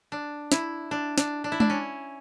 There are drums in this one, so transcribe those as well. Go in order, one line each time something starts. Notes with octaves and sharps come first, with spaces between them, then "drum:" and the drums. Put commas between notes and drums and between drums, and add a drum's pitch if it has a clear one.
D4
E4, drum: snare
D4
D4, drum: snare
D4
E4
D4, drum: tom G#3
C#4